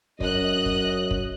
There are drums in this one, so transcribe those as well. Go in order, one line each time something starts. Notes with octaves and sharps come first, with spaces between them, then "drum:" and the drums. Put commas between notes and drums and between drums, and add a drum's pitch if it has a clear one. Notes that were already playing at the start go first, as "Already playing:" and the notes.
F#2 D#5 F#6, drum: kick
drum: kick
drum: kick